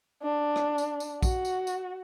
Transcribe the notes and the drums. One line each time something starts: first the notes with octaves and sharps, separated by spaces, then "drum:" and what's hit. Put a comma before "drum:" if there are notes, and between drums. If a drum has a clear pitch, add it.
D4
drum: rim click
drum: tambourine
drum: tambourine
F#4, drum: kick A#1, tambourine
drum: tambourine
drum: tambourine